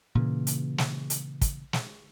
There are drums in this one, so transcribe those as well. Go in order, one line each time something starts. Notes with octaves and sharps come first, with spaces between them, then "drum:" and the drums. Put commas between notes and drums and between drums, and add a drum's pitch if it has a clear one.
A#2 C#3 E3
drum: hi-hat
drum: snare
drum: hi-hat
drum: kick, hi-hat
drum: snare